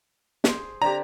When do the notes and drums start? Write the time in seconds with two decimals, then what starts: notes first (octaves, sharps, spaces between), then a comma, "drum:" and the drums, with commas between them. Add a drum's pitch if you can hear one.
0.44 G#4 C5, drum: snare
0.82 D3 C4 G4 A#5